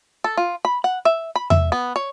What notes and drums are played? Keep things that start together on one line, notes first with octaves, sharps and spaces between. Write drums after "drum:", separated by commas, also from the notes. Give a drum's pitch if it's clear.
A4
F4
B5
F#5
E5
B5
E5, drum: tom E2
B3
C#5